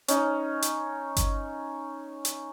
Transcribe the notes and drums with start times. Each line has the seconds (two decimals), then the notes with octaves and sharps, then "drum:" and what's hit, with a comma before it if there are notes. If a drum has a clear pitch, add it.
0.08 C#4 D#4, drum: hi-hat
0.62 drum: hi-hat
1.17 drum: kick G1, hi-hat
2.25 drum: hi-hat